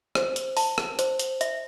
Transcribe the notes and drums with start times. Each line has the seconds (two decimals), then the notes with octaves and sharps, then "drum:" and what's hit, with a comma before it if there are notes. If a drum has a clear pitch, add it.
0.15 C5, drum: rim click
0.36 drum: hi-hat
0.57 A5, drum: open hi-hat
0.78 drum: rim click
0.99 C5, drum: hi-hat
1.19 drum: hi-hat
1.41 E5, drum: hi-hat